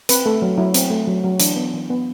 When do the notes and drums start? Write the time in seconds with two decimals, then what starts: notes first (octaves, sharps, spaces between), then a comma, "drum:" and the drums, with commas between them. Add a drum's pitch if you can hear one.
0.09 C4 B4, drum: hi-hat
0.26 A3 A4
0.42 F#3
0.58 F#3 E4
0.74 C4, drum: hi-hat
0.90 A3
1.08 F#3
1.24 F#3
1.40 E3 D4, drum: hi-hat
1.56 B3
1.73 E3
1.90 B3